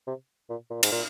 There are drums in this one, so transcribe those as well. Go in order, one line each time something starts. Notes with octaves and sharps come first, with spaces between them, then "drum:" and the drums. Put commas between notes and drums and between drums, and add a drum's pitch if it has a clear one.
C3
A#2
A#2
G#2, drum: cymbal
A#2